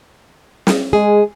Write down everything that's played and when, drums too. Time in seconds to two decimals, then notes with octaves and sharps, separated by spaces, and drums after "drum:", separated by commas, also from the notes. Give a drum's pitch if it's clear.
0.67 drum: snare
0.93 G#3 G#4